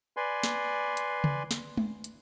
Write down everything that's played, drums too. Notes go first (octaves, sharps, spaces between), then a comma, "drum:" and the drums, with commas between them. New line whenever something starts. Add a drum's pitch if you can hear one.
B4 D5 G#5 C6
drum: snare
drum: hi-hat
drum: tom C#3
drum: snare
drum: tom G#3
drum: hi-hat